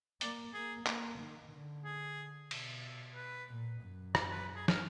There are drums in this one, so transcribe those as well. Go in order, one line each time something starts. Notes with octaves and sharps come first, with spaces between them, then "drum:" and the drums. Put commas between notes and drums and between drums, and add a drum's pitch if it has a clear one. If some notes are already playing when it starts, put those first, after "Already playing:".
A#3 D5, drum: hi-hat
A#3 G#4
A#3, drum: clap
D#3
D3
G#4
B2, drum: cymbal
B4
A#2
F#2
D5, drum: rim click
B4
G#4
A#4, drum: snare